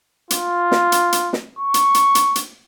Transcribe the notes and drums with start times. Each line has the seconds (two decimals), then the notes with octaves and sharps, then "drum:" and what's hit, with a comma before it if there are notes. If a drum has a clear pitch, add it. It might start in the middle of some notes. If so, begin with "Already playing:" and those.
0.30 F4, drum: hi-hat
0.71 drum: snare
0.92 drum: hi-hat
1.12 drum: hi-hat
1.33 drum: snare
1.59 C#6
1.74 drum: hi-hat
1.94 drum: hi-hat
2.15 drum: hi-hat
2.35 drum: hi-hat